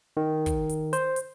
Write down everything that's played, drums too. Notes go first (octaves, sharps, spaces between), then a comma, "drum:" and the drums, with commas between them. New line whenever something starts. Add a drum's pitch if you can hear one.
D#3
drum: kick, hi-hat
drum: hi-hat
C5, drum: hi-hat
drum: hi-hat